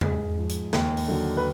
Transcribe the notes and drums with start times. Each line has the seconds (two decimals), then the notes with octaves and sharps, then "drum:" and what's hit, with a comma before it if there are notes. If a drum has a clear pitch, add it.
0.01 G#2 G#4, drum: tom E2
0.37 F3
0.49 drum: hi-hat
0.73 D#2, drum: snare
0.97 drum: open hi-hat
1.08 D3 F#3
1.37 B4